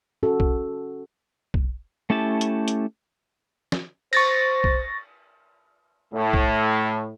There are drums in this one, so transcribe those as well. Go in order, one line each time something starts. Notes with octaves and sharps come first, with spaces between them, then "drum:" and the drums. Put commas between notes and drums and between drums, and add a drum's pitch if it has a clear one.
C#4 F#4 A4
drum: kick
drum: kick
A3 C#4 E4 G4 A5
drum: hi-hat
drum: hi-hat
drum: snare
C5 C#6 A6 A#6, drum: cymbal
drum: kick
A2
drum: kick